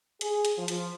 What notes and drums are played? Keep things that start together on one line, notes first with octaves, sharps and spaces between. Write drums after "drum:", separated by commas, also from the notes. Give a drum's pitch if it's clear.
G#4, drum: hi-hat
drum: hi-hat
F3
drum: hi-hat